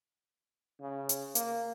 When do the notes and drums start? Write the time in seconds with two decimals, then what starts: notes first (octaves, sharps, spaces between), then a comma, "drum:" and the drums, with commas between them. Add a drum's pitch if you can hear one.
0.81 C#3
1.09 drum: hi-hat
1.35 A#3, drum: hi-hat